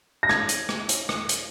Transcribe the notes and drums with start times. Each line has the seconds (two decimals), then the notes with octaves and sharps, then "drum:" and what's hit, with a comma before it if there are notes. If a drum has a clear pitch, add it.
0.23 A#6
0.29 G#6, drum: rim click
0.49 drum: hi-hat
0.69 drum: rim click
0.89 drum: hi-hat
1.09 drum: rim click
1.29 drum: hi-hat